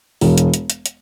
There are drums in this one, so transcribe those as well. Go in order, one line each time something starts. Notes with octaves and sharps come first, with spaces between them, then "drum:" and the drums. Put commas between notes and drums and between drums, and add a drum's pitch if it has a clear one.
E1, drum: open hi-hat
drum: hi-hat
drum: hi-hat
drum: hi-hat
drum: hi-hat